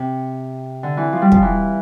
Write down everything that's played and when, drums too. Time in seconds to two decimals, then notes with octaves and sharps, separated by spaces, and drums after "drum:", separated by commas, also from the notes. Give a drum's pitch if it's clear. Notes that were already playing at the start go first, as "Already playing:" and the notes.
Already playing: C3
0.83 D3
0.97 E3
1.13 F3
1.22 G3
1.32 F3, drum: kick
1.42 E3